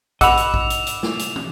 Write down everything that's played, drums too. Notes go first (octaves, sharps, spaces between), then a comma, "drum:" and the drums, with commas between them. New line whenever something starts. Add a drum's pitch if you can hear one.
D#5 F#5 B5 D6 E6 F7, drum: kick A#1, hi-hat
drum: hi-hat
drum: kick A#1
drum: hi-hat
drum: hi-hat
drum: snare
drum: hi-hat
drum: tom